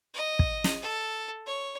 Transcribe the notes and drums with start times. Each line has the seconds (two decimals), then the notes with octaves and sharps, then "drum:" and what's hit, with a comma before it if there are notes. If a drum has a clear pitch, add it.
0.14 D#5
0.39 drum: kick
0.64 drum: snare
0.82 A4
1.46 C#5